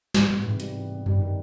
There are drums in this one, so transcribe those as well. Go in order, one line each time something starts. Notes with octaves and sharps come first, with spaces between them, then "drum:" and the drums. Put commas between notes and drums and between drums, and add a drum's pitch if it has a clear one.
G#2 E3, drum: snare
A2 B3
G#2 C3
G3, drum: hi-hat
E3
B3
G3, drum: tom F#2
D#3